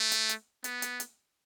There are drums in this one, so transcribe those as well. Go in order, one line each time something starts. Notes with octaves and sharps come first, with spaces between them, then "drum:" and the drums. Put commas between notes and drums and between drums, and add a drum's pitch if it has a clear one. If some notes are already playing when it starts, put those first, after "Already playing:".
Already playing: A3
drum: hi-hat
drum: hi-hat
B3, drum: hi-hat
drum: hi-hat
drum: hi-hat